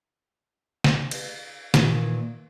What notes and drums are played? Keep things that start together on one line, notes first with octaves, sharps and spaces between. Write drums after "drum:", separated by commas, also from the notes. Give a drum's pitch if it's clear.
drum: snare
drum: cymbal
A#2 D#3 E3, drum: snare